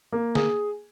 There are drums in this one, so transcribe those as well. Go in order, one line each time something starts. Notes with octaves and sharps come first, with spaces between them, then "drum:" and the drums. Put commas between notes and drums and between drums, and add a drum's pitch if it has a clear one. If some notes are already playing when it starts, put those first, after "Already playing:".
A#3
G#4, drum: snare